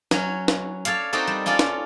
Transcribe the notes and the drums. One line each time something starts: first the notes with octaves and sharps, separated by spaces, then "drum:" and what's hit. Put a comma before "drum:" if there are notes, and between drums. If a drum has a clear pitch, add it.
F#3 C#4 C#5, drum: snare
drum: snare
A4 C#5 D5 F5, drum: hi-hat
C4 D#4 F#4 G4 A4 A#4
G3
C#4 F4 A4 D5
drum: snare